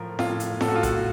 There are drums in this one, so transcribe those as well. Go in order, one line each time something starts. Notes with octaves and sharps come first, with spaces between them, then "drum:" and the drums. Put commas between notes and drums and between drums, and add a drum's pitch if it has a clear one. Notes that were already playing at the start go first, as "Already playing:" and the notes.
Already playing: A2 F3 A#4
A2 F4, drum: snare F4
drum: hi-hat
A2 A4, drum: snare F4
F#4
F4
F#4, drum: kick A1, hi-hat